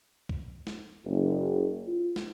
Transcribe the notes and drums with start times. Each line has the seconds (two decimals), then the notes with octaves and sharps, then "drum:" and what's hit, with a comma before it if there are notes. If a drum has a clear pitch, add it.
0.29 drum: kick
0.67 drum: snare
1.04 F#1
1.86 F4
2.16 drum: snare